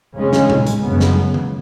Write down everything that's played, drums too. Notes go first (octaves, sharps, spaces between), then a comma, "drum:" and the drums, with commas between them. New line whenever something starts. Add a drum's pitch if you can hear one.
C#3 G#3 C#4
drum: snare
drum: tom A2
drum: hi-hat
F#2 C#3 G#3 B3
drum: snare
drum: tom D#3